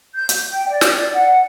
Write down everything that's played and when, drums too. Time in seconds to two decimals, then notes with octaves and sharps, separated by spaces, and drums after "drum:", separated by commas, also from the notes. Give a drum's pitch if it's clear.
0.16 G6
0.29 drum: hi-hat
0.52 G5
0.69 D5
0.81 drum: snare
1.13 F#5